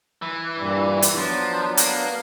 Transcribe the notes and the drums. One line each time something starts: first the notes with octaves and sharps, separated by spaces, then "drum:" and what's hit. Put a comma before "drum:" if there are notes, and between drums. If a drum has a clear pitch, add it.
E3
G2 A#2 G3
drum: hi-hat
F3 F#3 B3 D4
A#3, drum: hi-hat